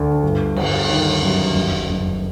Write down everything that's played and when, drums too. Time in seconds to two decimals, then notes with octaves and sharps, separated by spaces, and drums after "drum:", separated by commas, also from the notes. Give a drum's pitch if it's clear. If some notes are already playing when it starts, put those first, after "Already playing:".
Already playing: D2 D3 A3
0.23 G1
0.56 G1, drum: cymbal
0.89 D#3
1.22 F#2
1.56 F#1
1.89 F#1